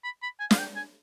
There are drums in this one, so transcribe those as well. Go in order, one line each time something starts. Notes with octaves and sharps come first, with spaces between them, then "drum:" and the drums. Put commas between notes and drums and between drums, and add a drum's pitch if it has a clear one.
B5
B5
G#5
F5, drum: snare
G5
G#5